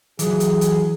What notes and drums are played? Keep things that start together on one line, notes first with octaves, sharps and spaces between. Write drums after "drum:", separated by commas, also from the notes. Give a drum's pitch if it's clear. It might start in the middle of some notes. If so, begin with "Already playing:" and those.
E3 F#3 G#4, drum: hi-hat
drum: hi-hat
drum: hi-hat